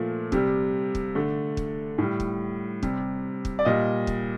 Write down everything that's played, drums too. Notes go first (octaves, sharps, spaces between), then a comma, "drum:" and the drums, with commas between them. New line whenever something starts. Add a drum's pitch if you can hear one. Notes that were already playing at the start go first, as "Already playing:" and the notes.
Already playing: A#2 F3 A3
C3 G3, drum: kick
drum: kick
D3 A3
drum: kick
A2 G3
drum: kick
C3 G3, drum: kick
drum: kick
D5
A#2 G3 D#5
drum: kick